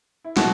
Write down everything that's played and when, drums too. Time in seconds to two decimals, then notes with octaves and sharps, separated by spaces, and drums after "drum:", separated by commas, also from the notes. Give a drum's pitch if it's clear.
0.24 E4
0.37 B2 F#3 F#4, drum: snare